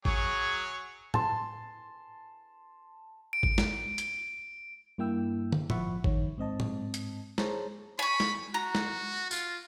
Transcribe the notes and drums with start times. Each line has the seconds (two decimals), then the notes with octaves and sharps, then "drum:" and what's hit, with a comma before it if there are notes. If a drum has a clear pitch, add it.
0.05 F#3 G#4 C#5, drum: kick G#1
1.14 A5 C6, drum: tom A2
3.33 D7
3.43 drum: kick G#1
3.58 drum: snare
3.98 drum: hi-hat
4.98 G2 A#3 E4 G5 E6
5.52 drum: tom
5.70 G1 F3 E5 F#5 B5 C#6, drum: tom A2
6.04 D#3 C#5, drum: kick G#1
6.38 G#2 C4 D#5 A5
6.60 drum: tom A2
6.94 drum: hi-hat
7.38 G#4 C5 C#5 A5 A#5, drum: snare
7.99 G#5 B5 C#6
8.20 drum: snare
8.54 F#4 A#5
8.75 drum: snare
9.31 F4, drum: tambourine